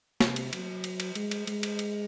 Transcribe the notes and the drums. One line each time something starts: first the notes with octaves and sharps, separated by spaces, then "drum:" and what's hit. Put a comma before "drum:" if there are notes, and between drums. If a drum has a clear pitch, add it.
C3, drum: snare
drum: cymbal
F#3, drum: cymbal
drum: cymbal
drum: cymbal
G#3, drum: cymbal
drum: cymbal
G#3, drum: cymbal
drum: cymbal
drum: cymbal